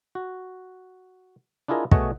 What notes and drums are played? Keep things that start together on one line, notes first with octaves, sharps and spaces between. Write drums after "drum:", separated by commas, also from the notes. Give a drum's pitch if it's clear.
F#4
D4 E4 F4 G#4 A#4 D#5
B2 A3 G#4 C#5 D#5 F#5, drum: kick